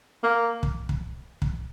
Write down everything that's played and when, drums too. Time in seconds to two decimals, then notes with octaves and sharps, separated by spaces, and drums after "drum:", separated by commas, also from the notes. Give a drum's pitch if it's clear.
0.23 A#3
0.63 drum: kick
0.89 drum: kick
1.42 drum: kick